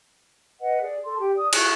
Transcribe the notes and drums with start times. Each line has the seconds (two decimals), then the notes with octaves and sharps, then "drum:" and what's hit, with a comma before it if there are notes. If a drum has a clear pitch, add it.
0.59 B4 D#5 F#5
0.81 G#4 D5
1.05 A4 C6
1.20 G4 G5
1.35 D5 D#6
1.53 G#4 C#6 F#6, drum: cymbal